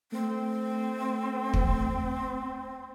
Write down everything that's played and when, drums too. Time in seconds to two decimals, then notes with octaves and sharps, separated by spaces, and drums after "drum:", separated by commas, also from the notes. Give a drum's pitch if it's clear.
0.12 A3 C4
1.53 drum: kick